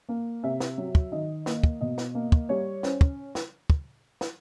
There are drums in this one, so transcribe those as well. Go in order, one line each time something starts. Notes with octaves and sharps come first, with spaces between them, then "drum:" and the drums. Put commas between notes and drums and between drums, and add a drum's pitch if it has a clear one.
A#3
C3 E5
drum: snare
F#3
drum: kick
D#3 D#5
A#3, drum: snare
drum: kick
B2 D#5
drum: snare
A#3
drum: kick
G3 C#5
C#4 C5, drum: snare
drum: kick
drum: snare
drum: kick
drum: snare